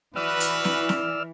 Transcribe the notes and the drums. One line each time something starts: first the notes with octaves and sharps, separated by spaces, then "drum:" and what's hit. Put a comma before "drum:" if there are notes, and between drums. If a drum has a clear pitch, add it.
E3 F#4 B4 D5 E6 F6
drum: hi-hat
drum: snare
drum: snare